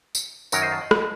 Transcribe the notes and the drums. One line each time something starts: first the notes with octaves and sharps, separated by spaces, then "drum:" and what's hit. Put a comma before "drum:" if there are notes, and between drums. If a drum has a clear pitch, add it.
drum: tambourine
F#2 D#3 F#3 A#4 C#5, drum: tambourine
C5 D#5
F5 A5
D#5 F#5
drum: rim click